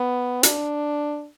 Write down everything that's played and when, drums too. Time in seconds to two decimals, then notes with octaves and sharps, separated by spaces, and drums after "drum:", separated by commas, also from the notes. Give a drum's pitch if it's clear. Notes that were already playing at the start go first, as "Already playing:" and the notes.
Already playing: B3
0.43 D4, drum: hi-hat